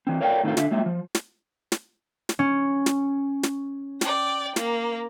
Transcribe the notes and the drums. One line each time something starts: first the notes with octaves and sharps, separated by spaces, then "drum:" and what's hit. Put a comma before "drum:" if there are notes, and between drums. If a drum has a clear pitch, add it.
E3 C4
A#4 C#5 D5 F5 G5
A2 D#3 A3 B3 C4 F4
D3 E5 F5, drum: snare
F#3 G#3 A#3 F4 E5
F3
drum: snare
drum: snare
drum: snare
C#4
drum: snare
drum: snare
D5 G5, drum: snare
A#3, drum: snare